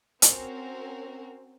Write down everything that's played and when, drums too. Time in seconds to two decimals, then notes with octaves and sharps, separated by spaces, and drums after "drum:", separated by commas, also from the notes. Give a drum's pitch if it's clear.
0.22 C4 C#4 F#4 A#4, drum: hi-hat